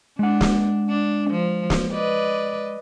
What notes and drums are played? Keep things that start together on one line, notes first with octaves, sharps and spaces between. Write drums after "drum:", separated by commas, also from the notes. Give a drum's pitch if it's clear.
G#3 D4 F#5
drum: snare
D4
F3
drum: snare
B4 D5 D#5